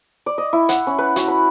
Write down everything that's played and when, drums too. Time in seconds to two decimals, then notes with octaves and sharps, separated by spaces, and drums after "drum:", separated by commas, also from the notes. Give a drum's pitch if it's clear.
0.26 D5
0.38 D#5
0.53 E4
0.69 F#5, drum: hi-hat
0.87 C#4
0.98 B4
1.16 F#4, drum: hi-hat
1.28 B5